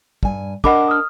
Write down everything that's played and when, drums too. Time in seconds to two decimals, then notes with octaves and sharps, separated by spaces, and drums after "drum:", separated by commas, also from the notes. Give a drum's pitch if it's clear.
0.23 G2 G#5, drum: kick
0.64 D4 A#4 D#5 F#5 B5 D6, drum: kick
0.88 D#6 F6